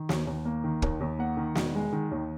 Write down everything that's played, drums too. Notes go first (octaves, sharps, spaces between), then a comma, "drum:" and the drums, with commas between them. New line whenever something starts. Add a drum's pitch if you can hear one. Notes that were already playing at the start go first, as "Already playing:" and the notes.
Already playing: D#3
D#2, drum: snare
D#2
A#3
D#3
D#2 A#4, drum: kick
D#2
A#3 F#5
D#3
E1, drum: snare
G#3
D#3
D#2